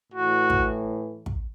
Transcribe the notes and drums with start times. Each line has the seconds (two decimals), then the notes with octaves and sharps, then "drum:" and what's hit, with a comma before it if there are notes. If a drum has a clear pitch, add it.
0.11 A2 E3 F#4
0.50 drum: kick
1.26 drum: kick